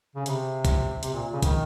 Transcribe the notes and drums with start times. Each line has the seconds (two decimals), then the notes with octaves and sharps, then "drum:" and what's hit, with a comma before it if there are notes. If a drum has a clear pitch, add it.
0.15 C#3
0.26 C3, drum: hi-hat
0.65 drum: kick, hi-hat
1.03 C3, drum: hi-hat
1.14 A#2
1.33 C#3
1.42 D#3, drum: kick, hi-hat